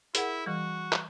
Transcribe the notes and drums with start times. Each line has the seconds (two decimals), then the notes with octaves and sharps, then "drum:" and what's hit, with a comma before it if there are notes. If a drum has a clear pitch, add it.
0.15 E4 G#4 A#4 F#5, drum: hi-hat
0.46 E3 G3 F#4
0.93 drum: clap